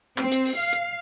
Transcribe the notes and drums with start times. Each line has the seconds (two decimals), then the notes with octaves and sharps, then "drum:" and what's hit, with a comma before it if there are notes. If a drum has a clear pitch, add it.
0.18 C4, drum: clap
0.32 drum: hi-hat
0.45 drum: open hi-hat
0.56 F5
0.73 drum: hi-hat